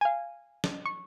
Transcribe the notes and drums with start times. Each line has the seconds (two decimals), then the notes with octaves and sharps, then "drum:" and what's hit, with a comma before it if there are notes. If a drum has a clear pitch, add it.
0.01 F5 G#5
0.64 drum: snare
0.86 C#6